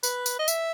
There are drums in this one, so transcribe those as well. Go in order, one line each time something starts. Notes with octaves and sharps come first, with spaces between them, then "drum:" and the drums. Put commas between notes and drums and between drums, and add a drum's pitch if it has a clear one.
B4, drum: tambourine
drum: tambourine
D#5
E5, drum: tambourine